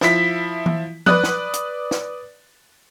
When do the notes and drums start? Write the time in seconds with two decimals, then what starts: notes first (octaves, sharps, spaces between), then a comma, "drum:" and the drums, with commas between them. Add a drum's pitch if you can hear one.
0.01 F3 E4 B6, drum: snare
0.66 drum: tom E3
1.06 B4 D5 D#6 F#6, drum: tom F3
1.24 drum: snare
1.53 drum: hi-hat
1.91 drum: snare